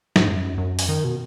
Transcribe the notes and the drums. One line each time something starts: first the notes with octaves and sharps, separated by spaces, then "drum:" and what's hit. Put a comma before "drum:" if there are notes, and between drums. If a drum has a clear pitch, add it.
G#2, drum: snare
F#2
F#2
drum: open hi-hat
D#3
B2